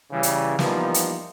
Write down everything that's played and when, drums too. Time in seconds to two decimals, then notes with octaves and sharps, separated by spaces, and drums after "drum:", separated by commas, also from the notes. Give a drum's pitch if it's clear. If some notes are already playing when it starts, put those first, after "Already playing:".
0.11 C#3 E3 G3
0.23 drum: hi-hat
0.59 E3 F3 G3 A#3 B3 D#4, drum: snare
0.94 drum: hi-hat